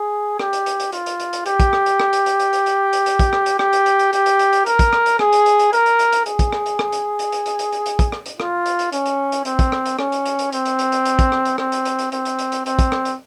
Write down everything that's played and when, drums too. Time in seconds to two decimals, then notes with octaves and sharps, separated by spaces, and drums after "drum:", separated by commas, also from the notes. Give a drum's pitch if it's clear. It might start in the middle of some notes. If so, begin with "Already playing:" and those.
Already playing: G#4
0.39 G4, drum: rim click
0.53 drum: hi-hat
0.66 drum: hi-hat
0.80 drum: hi-hat
0.92 F4, drum: hi-hat
1.06 drum: hi-hat
1.20 drum: hi-hat
1.33 drum: hi-hat
1.46 G4, drum: hi-hat
1.60 drum: kick, hi-hat
1.73 drum: rim click
1.86 drum: hi-hat
2.00 drum: rim click
2.13 drum: hi-hat
2.26 drum: hi-hat
2.40 drum: hi-hat
2.53 drum: hi-hat
2.66 drum: hi-hat
2.93 drum: hi-hat
3.06 drum: hi-hat
3.19 drum: kick, hi-hat
3.33 drum: rim click
3.46 drum: hi-hat
3.59 G4, drum: rim click
3.73 drum: hi-hat
3.86 drum: hi-hat
3.99 drum: hi-hat
4.13 G4, drum: hi-hat
4.26 drum: hi-hat
4.39 drum: hi-hat
4.53 drum: hi-hat
4.66 A#4, drum: hi-hat
4.79 drum: kick, hi-hat
4.93 drum: rim click
5.06 drum: hi-hat
5.19 G#4, drum: rim click
5.33 drum: hi-hat
5.46 drum: hi-hat
5.59 drum: hi-hat
5.73 A#4, drum: hi-hat
5.86 drum: hi-hat
5.99 drum: hi-hat
6.13 drum: hi-hat
6.26 G#4, drum: hi-hat
6.39 drum: kick, hi-hat
6.53 drum: rim click
6.66 drum: hi-hat
6.79 drum: rim click
6.92 drum: hi-hat
7.19 drum: hi-hat
7.32 drum: hi-hat
7.46 drum: hi-hat
7.59 drum: hi-hat
7.72 drum: hi-hat
7.86 drum: hi-hat
7.99 drum: kick, hi-hat
8.12 drum: rim click
8.26 drum: hi-hat
8.40 F4, drum: rim click
8.66 drum: hi-hat
8.79 drum: hi-hat
8.92 C#4, drum: hi-hat
9.06 drum: hi-hat
9.32 drum: hi-hat
9.45 C4, drum: hi-hat
9.59 drum: kick, hi-hat
9.72 drum: rim click
9.86 drum: hi-hat
9.99 C#4, drum: rim click
10.12 drum: hi-hat
10.26 drum: hi-hat
10.39 drum: hi-hat
10.52 C4, drum: hi-hat
10.65 drum: hi-hat
10.79 drum: hi-hat
10.92 drum: hi-hat
11.05 drum: hi-hat
11.19 drum: kick, hi-hat
11.32 drum: rim click
11.45 drum: hi-hat
11.58 C4, drum: rim click
11.72 drum: hi-hat
11.85 drum: hi-hat
11.99 drum: hi-hat
12.12 C4, drum: hi-hat
12.25 drum: hi-hat
12.39 drum: hi-hat
12.52 drum: hi-hat
12.66 C4, drum: hi-hat
12.79 drum: kick, hi-hat
12.92 drum: rim click
13.05 drum: hi-hat